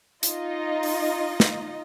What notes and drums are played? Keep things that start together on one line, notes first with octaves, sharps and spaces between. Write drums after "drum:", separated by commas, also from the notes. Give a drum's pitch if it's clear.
D#4 F4 D#5, drum: hi-hat
drum: open hi-hat
drum: snare